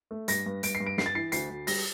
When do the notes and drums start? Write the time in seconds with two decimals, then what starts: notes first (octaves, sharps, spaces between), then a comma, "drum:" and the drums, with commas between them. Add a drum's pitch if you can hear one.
0.11 A3
0.28 G2 A#6, drum: hi-hat
0.46 G2
0.63 G2 D7, drum: hi-hat
0.75 C7
0.80 G2
0.86 D7
0.98 G2 C7, drum: snare
1.06 A6
1.15 E3 C7
1.32 D2 C7, drum: hi-hat
1.50 D2
1.67 G3 A#6, drum: open hi-hat